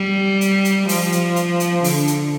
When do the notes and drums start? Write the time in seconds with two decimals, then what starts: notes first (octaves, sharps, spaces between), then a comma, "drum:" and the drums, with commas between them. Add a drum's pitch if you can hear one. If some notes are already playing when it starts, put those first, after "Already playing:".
Already playing: G3
0.41 drum: hi-hat
0.65 drum: hi-hat
0.89 F3, drum: open hi-hat
1.12 drum: hi-hat
1.36 drum: hi-hat
1.60 drum: hi-hat
1.84 D3, drum: open hi-hat
2.07 drum: hi-hat